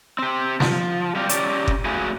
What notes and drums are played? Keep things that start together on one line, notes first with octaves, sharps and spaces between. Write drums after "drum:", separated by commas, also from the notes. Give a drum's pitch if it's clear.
C4 G4
F3, drum: snare
G3 C4 G4 F5
C#4 G4 D5, drum: hi-hat
drum: kick F#1
A3 F#4 G#4 B4 F5 G#5